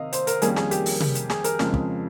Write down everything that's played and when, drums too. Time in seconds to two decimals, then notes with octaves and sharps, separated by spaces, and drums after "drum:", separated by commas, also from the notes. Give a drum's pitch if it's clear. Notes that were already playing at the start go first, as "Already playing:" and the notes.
Already playing: C3 D#3 D#5 F5
0.13 C5, drum: hi-hat
0.27 A#4, drum: hi-hat
0.42 F2 D#3 G3 A#3 C#4 G#4, drum: hi-hat
0.56 G#4, drum: snare
0.71 G4, drum: hi-hat
0.86 drum: open hi-hat
1.00 drum: tom C3
1.15 drum: hi-hat
1.30 G#4, drum: snare
1.44 A#4, drum: hi-hat
1.59 F2 C#3 F3 G#3, drum: snare
1.74 drum: kick